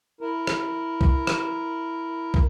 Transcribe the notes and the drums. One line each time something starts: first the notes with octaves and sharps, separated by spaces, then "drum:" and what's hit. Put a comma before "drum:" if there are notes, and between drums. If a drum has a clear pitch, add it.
E4 A#4
drum: rim click
drum: kick
drum: rim click
drum: kick